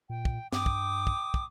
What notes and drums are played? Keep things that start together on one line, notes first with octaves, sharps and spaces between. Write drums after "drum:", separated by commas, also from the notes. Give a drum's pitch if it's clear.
A#2 G5
drum: kick
G2 G5 D6 D#6, drum: snare
drum: kick
drum: kick
drum: kick